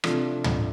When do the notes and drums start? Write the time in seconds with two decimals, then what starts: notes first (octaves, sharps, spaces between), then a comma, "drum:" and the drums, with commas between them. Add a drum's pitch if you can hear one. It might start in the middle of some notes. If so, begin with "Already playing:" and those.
0.04 C3 F3 A3 D4 F4, drum: rim click
0.44 drum: tom